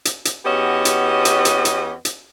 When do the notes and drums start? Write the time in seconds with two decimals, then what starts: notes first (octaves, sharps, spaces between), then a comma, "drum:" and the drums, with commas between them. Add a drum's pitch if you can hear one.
0.05 drum: hi-hat
0.25 drum: hi-hat
0.45 E2 B3 C#4 F#4 G4 D#5
0.85 drum: hi-hat
1.25 drum: hi-hat
1.45 drum: hi-hat
1.65 drum: hi-hat
2.05 drum: hi-hat